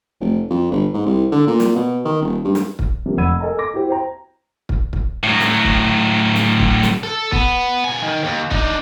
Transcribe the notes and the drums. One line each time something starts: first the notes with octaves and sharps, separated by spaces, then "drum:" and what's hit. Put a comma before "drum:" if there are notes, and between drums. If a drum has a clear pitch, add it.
F1
F2
G1
G#2
C2
D3
A#2
drum: snare
B2
D#3
D#1
G2
drum: snare
drum: kick
C3 F3 G3 A#3
F1 F#5 B5 E6 G#6 D#7
A4 A#4 D#5 G#5 A#5
D6 A#6
E4 F#4 G4 C5
C5 G5 A#5
drum: kick
drum: kick
A2 F#3
drum: snare
drum: kick
drum: snare
drum: kick
drum: snare
A4
B3, drum: kick
B2 G#5
D#3
D#2
D4 D#4, drum: kick